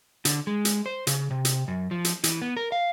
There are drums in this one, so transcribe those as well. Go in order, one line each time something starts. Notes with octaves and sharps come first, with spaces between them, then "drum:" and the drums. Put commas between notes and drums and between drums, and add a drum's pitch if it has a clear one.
D3, drum: hi-hat
G#3
drum: hi-hat
C5
C#3, drum: hi-hat
C3
drum: hi-hat
F#2
F3
drum: hi-hat
E3, drum: hi-hat
B3
A#4
F5